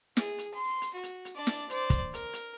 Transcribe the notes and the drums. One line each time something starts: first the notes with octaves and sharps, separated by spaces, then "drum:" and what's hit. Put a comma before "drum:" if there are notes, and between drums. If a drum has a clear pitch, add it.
G#4, drum: snare
drum: hi-hat
C6
drum: hi-hat
F#4
drum: hi-hat
drum: hi-hat
D4 D5
drum: snare
C5 D5, drum: hi-hat
drum: kick, hi-hat
A#4, drum: hi-hat
drum: hi-hat